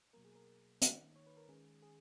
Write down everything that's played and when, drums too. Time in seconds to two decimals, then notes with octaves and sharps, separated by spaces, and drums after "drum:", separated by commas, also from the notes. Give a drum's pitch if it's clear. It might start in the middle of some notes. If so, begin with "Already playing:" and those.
0.13 B2 F#3 A#3 A#4
0.25 G#4
0.35 A#4
0.82 D#3 A#3 D#4, drum: hi-hat
1.16 C#5
1.27 B4
1.37 A#4
1.48 D#3 G#3 C#4 G#4
1.82 G#4